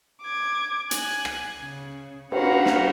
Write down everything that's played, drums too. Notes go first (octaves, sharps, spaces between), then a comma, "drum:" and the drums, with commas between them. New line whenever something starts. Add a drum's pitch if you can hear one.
D6 G#6
G#5 F#6 G#6, drum: hi-hat
drum: rim click
C#3
F#4 B4 F5 F#5 A#5, drum: cymbal
drum: snare